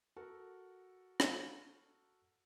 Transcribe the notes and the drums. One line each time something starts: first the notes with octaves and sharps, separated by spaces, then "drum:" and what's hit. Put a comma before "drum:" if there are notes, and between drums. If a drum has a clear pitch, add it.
F#4 A4 A#4
drum: rim click